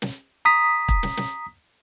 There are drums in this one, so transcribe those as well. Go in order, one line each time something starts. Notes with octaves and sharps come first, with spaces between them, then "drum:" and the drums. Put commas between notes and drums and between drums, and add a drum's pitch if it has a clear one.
drum: snare
A#5 D#6 B6
drum: kick
drum: snare
drum: snare